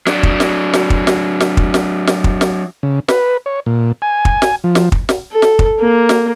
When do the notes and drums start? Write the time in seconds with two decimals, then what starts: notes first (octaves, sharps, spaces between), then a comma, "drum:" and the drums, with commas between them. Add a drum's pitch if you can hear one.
0.07 F#3 D4, drum: snare
0.23 drum: kick
0.40 drum: snare
0.74 drum: snare
0.90 drum: kick
1.07 drum: snare
1.40 drum: snare
1.57 drum: kick
1.74 drum: snare
2.07 drum: snare
2.24 drum: kick
2.41 drum: snare
2.83 C#3
3.08 B4, drum: snare
3.46 C#5
3.66 A#2
4.02 G#5
4.25 drum: kick
4.42 drum: snare
4.64 F3
4.75 drum: snare
4.92 drum: kick
5.09 drum: snare
5.32 A4
5.42 drum: snare
5.59 drum: kick
5.79 A#3
6.09 drum: snare